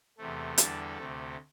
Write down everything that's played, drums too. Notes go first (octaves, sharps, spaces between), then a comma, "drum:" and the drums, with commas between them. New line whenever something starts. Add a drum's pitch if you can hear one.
E2 C3 A3
E2 D3 G3 A4, drum: hi-hat
D2 C3 A3